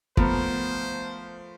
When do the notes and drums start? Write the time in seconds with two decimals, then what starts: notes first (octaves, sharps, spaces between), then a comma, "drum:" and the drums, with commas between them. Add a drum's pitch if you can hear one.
0.17 F3 A3 B3 A#4 C5, drum: kick